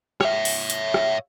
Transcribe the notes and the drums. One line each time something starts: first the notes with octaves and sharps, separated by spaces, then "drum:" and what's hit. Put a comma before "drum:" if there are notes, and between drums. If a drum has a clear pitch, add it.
C#5 E5, drum: rim click
drum: open hi-hat
drum: hi-hat
drum: rim click